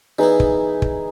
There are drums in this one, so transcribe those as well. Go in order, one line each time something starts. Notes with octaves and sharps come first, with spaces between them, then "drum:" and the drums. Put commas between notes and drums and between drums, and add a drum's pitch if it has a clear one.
E3 B3 D#4 E4 G#4
drum: kick
drum: kick